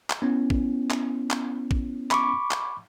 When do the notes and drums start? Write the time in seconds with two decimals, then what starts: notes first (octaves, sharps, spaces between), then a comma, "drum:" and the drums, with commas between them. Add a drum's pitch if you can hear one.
0.10 drum: clap
0.22 B3 C#4 E4
0.50 drum: kick
0.90 drum: clap
1.31 drum: clap
1.71 drum: kick
2.11 B5 C#6 D6, drum: clap
2.51 drum: clap